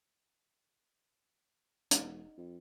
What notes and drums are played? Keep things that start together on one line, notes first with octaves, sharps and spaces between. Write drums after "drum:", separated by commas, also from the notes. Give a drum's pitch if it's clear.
E1 D#4, drum: hi-hat
F2